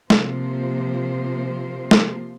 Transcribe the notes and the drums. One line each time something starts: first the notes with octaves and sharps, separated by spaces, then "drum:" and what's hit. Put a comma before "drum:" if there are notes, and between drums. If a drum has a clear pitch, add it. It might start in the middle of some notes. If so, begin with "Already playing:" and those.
C3 F3 A#3 C5, drum: snare
drum: snare